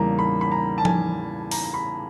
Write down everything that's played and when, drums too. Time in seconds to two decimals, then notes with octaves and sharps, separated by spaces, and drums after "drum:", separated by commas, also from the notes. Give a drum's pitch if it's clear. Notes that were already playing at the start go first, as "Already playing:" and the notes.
Already playing: E2 C#3 E3 G3 A#3 A#5
0.19 B5
0.41 B5
0.52 A#5
0.78 A5
0.85 G#5, drum: tom F3
1.51 A#5, drum: open hi-hat
1.74 B5